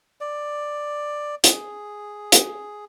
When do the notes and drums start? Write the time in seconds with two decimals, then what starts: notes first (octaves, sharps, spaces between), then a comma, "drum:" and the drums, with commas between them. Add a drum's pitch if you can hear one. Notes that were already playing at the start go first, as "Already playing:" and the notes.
0.21 D5
1.44 G#4, drum: hi-hat
2.32 drum: hi-hat